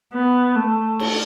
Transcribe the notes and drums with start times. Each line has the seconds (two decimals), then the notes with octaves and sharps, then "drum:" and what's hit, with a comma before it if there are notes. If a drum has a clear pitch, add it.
0.13 B3
0.55 A3
0.99 drum: cymbal